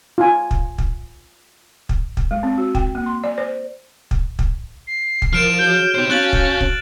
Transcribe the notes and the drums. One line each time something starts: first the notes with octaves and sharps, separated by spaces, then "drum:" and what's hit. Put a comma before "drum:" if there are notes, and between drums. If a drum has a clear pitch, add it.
F4 G#5
drum: kick
drum: kick
drum: kick
drum: kick
G#3
C4
F#4
G5, drum: kick
A#3
C6
D5
C5
drum: kick
drum: kick
C7
drum: kick
F3 E4 A#4 C5 F6 D7 E7
F#4 G#4 C#5 G6
B3 D#4 G4 C5 C#5 G6
C#4 F#4 F5 A5 F#6 A6 F#7
drum: kick
drum: kick